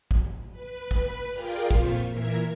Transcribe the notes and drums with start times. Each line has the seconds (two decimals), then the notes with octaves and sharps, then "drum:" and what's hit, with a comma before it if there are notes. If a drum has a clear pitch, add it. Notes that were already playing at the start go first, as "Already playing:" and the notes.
0.11 drum: kick
0.51 B4
0.91 drum: kick
1.32 F4 G#4 A#4 D5 F5 G5
1.71 F2 A#2 F4 C5 C#6 B6, drum: kick
2.08 A#2 E3 A#4 E5 G#6